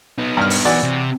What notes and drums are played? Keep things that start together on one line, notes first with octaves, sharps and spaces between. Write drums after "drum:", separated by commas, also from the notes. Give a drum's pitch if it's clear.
B3 D#4
G2 F6
drum: open hi-hat
E3 F#4 D5
C3